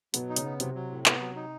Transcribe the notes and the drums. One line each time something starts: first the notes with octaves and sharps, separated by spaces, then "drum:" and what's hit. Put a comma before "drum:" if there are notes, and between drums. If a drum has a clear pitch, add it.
B2 F#3 B3, drum: hi-hat
D#4
C#3 C#4, drum: hi-hat
B3
C3 F#3 C4, drum: hi-hat
F#3
A2
B3, drum: clap
F#3
D#4